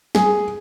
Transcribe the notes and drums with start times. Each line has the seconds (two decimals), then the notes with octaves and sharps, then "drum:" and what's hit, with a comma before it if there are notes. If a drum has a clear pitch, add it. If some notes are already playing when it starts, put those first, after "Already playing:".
0.15 G#4, drum: snare